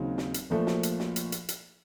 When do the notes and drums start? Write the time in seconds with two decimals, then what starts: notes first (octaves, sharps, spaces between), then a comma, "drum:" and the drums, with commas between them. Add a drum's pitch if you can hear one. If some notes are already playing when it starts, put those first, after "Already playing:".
Already playing: D#2 C#3 F#3 C4 D#4
0.18 drum: snare
0.34 drum: hi-hat
0.50 A#1 A#2 F3 A3
0.67 drum: snare
0.83 drum: hi-hat
1.00 drum: snare
1.16 drum: hi-hat
1.32 drum: hi-hat
1.49 drum: hi-hat